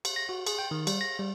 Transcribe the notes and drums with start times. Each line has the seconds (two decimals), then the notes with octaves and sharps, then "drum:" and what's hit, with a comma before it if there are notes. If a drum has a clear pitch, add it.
0.05 drum: cymbal
0.16 A#6
0.29 F#4
0.47 G#4, drum: cymbal
0.59 G5
0.71 D#3
0.87 G3, drum: cymbal
1.01 A#6
1.19 G3